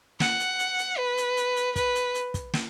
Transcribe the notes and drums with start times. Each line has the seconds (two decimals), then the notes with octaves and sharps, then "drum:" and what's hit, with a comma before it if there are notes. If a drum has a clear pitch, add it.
0.20 F#5, drum: snare
0.40 drum: hi-hat
0.59 drum: hi-hat
0.79 drum: hi-hat
0.98 B4
1.17 drum: hi-hat
1.37 drum: hi-hat
1.56 drum: hi-hat
1.76 B4, drum: kick, hi-hat
1.95 drum: hi-hat
2.15 drum: hi-hat
2.34 drum: kick, hi-hat
2.54 drum: snare